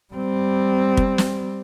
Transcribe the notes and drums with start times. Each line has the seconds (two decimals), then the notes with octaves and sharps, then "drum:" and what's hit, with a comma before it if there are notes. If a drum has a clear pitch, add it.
0.14 G3 C4
0.97 drum: kick
1.18 drum: snare